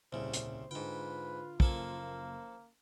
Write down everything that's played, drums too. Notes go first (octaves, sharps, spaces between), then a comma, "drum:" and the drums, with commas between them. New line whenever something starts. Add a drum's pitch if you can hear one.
D#1 C2 C#3 C5
drum: hi-hat
G#2 D3 F4 B4 G5
F#1 F3 A#3 A4 G#5, drum: kick